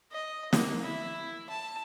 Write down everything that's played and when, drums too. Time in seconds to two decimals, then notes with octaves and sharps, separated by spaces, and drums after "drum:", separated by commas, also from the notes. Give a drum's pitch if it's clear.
0.12 D#5
0.53 A#3, drum: snare
0.82 E4
1.49 A5